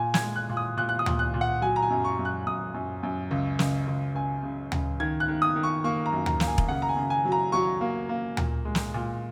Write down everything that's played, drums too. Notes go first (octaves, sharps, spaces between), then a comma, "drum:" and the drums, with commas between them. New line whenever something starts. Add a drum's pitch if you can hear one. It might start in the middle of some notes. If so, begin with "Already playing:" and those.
Already playing: A#2 G#5
G#6, drum: snare
G#3
F#6
A#2
D#6
A#2 F#6
F#6
D#6
A#2, drum: tom D2
F#6
A#2
F#5
F#3 G#5
A#5
G#5
F#2
C#6
F#2
F#6
F#2 D#6
F#2
F#2
C#2
C#2, drum: snare
C#2
C#2 G#5
C#3
C#3, drum: tom D2
D#3 G#6
F#6
D#3
D#6
D#3
C#6
A#3 C#6
A#5
F#2
A#5, drum: tom D2
A#3, drum: snare
G#5
drum: kick E1
C#3 F#5
A#5
G#5
C#3
G#5
F#3
A#5
F#3 C#6
A#3
A#3
A#2, drum: tom D2
G#3
drum: snare
A#2